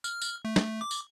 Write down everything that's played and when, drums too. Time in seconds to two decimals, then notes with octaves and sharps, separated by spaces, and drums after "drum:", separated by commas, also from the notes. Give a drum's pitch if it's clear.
0.04 F6, drum: tambourine
0.22 drum: tambourine
0.45 A3
0.56 drum: snare
0.81 D6
0.91 drum: tambourine